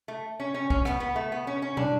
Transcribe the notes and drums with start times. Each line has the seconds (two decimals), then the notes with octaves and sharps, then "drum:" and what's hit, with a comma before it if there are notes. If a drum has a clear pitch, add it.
0.08 A3
0.40 C#4
0.54 C#4
0.70 C#4, drum: kick
0.85 B3, drum: rim click
1.00 B3
1.16 A3
1.32 B3
1.47 C#4
1.62 C#4
1.77 D4, drum: tom